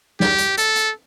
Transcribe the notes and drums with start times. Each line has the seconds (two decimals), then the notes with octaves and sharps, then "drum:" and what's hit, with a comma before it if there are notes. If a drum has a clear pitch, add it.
0.20 G4, drum: snare
0.38 drum: hi-hat
0.57 A4, drum: hi-hat
0.76 drum: hi-hat